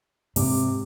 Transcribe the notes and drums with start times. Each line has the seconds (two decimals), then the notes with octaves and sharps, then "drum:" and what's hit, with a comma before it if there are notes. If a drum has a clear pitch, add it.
0.36 G#2 C3 D6, drum: open hi-hat